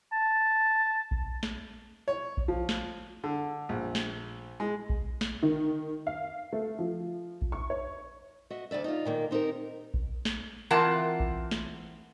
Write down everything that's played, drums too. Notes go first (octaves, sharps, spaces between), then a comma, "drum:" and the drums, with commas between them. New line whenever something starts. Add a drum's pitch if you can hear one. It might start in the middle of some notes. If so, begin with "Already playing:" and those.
A5
drum: kick A#1
drum: snare
C#5
drum: kick A#1
F3
drum: snare
D3
A#1
drum: snare
G#3
drum: kick A#1
drum: snare
D#3
F5
A3
F3
drum: kick A#1
C#6
C#5
F#4 D#5 E5
D2 C3 D5 E5
D#4 F4
A#2 D#3 A#3
C4 D#4 G4 A#4
drum: kick A#1
drum: snare
E3 C4 F4 A#4 F#5 A5
drum: kick A#1
drum: snare